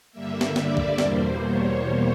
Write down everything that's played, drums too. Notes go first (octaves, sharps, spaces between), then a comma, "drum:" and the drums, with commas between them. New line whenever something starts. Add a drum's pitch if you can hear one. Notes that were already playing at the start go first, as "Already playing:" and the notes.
G2 D3 G3 A#3 E5
drum: snare
D5, drum: snare
drum: kick
E2 B2 G3 A#3 C5, drum: snare
C#5